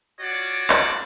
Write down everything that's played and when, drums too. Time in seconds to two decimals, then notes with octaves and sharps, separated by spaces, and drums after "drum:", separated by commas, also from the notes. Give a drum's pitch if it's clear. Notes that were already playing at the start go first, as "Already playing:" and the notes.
0.20 F4 F#4 C#5 D5
0.70 drum: clap